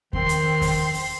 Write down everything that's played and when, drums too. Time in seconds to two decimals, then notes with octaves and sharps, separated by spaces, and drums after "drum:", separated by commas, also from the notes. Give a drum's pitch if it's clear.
0.13 D#3 C4 C6, drum: kick E2
0.29 drum: hi-hat
0.62 drum: kick E2, open hi-hat
0.94 drum: open hi-hat